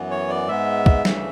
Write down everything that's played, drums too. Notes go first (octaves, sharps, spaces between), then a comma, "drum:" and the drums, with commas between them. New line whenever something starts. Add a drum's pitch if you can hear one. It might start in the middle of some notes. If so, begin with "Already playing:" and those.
Already playing: F#2 E3 B3
C#5
D5
G#2 G#3 B3 E5
drum: kick
D2 C#3 E3 A3, drum: snare